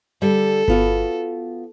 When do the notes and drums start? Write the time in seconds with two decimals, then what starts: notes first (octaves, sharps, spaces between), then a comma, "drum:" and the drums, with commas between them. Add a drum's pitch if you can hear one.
0.22 D3 G3 A4
0.68 B3 F4 F#4, drum: kick G1